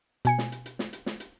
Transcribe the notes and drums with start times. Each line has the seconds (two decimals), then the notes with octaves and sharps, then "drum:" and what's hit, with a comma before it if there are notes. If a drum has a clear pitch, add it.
0.25 B2 G#5 C#7, drum: hi-hat
0.38 drum: snare
0.52 drum: hi-hat
0.66 drum: hi-hat
0.79 drum: snare
0.93 drum: hi-hat
1.06 drum: snare
1.20 drum: hi-hat